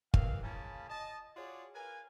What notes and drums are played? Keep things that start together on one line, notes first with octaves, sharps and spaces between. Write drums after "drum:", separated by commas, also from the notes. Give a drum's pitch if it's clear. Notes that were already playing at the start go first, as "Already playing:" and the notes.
C3 D#3 E3 F5, drum: kick
C#3 A#3 F4 G#5 A5 B5
D#5 A5
F4 F#4 G#4 C#5 D5
A#4 B4 F5 G#5